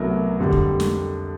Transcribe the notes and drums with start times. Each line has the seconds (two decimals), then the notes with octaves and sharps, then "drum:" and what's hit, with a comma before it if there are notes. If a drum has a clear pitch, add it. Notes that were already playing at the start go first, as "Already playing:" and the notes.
Already playing: C2 B2 F#3 A3 A#4
0.39 F2 D3 G3
0.52 drum: kick
0.80 drum: snare